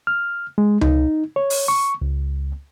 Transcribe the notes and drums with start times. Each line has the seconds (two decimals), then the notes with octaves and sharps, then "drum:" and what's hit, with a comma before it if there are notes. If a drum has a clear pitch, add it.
0.07 F6
0.58 G#3
0.81 D#4, drum: tom C#2
1.36 C#5
1.50 drum: open hi-hat
1.68 C#6
2.02 C#2